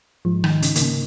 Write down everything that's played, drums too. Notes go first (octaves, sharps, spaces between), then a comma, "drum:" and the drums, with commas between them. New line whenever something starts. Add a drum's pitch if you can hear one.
G#2 F3
D#3, drum: rim click
D#4
C#3, drum: hi-hat
A#3, drum: hi-hat
C#3